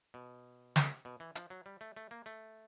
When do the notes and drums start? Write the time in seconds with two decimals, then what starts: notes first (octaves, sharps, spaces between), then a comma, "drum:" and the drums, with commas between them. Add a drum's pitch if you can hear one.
0.14 B2
0.76 drum: snare
1.05 B2
1.20 E3
1.35 F3, drum: hi-hat
1.50 F#3
1.66 G3
1.81 A3
1.96 A3
2.11 A#3
2.26 A3